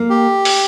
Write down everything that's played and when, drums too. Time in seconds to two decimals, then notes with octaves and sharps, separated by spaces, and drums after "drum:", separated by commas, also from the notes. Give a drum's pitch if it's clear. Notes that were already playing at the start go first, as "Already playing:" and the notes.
Already playing: A#3
0.10 G4
0.45 drum: open hi-hat